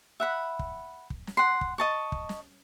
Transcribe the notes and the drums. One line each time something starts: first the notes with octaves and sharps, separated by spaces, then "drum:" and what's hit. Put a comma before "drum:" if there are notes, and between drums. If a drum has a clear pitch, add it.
E5 F#5 B5
drum: kick
drum: kick
drum: snare
F#5 C6
drum: kick
D#5 A5 C#6
drum: kick
drum: snare